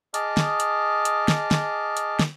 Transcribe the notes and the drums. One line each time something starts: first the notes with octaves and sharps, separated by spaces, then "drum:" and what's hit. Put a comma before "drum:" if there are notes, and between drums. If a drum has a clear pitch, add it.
G#4 D#5 A5 D6 F6, drum: hi-hat
drum: snare
drum: hi-hat
drum: hi-hat
drum: snare
drum: snare
drum: hi-hat
drum: snare